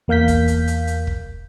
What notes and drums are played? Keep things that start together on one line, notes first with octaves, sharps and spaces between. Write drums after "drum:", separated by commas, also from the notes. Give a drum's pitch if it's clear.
E2 A#3 F5 G6 B6
drum: kick, hi-hat
drum: hi-hat
drum: hi-hat
drum: hi-hat
drum: kick